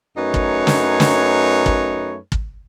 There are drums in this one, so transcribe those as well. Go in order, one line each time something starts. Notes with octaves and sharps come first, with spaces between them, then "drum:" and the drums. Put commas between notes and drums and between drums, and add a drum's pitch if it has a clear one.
F#2 A3 D#4 B4 C#5
drum: kick
drum: snare
drum: snare
drum: kick
drum: kick